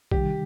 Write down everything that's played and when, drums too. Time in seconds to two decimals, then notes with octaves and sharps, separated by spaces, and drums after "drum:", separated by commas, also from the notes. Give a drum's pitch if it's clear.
0.11 C3 D#3 G3 G4, drum: kick A#1